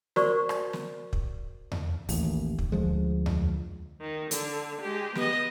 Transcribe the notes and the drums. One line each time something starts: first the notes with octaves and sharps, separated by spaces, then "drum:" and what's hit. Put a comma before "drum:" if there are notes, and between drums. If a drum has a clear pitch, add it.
F#4 A#4 C5 D5 C#6, drum: snare
drum: rim click
drum: snare
drum: kick
drum: tom E2
A1 D#2, drum: open hi-hat
drum: kick
D2 F3 G#3
drum: tom E2
D#3
D3, drum: hi-hat
G#3 G4
B3 D#5, drum: snare